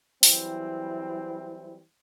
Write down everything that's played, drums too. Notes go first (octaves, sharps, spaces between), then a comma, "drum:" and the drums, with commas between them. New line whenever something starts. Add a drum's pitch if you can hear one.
E3 F#3 G3 C4 E4, drum: open hi-hat